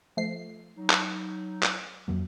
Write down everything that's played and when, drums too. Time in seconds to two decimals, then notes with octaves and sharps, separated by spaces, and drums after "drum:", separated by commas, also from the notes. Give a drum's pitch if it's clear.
0.17 F3 A3 C7
0.77 F#3 D#4
0.90 drum: clap
1.63 drum: clap
2.08 F2 F#3 A#3